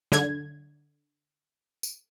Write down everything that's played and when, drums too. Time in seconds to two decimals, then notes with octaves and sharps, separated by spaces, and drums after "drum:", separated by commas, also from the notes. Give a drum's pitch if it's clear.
0.12 D3 G#6, drum: snare
1.83 drum: tambourine